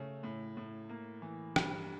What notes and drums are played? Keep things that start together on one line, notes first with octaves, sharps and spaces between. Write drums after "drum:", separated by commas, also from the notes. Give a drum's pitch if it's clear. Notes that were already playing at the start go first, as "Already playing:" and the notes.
Already playing: C#3 A3
A2
A2
A#3
E3
G2, drum: rim click